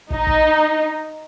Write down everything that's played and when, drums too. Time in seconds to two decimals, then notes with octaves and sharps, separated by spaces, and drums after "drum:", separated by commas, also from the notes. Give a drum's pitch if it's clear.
0.11 D#4, drum: kick
0.27 drum: kick